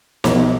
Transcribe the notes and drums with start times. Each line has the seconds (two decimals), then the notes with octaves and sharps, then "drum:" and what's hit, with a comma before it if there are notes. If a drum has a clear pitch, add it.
0.24 B1, drum: snare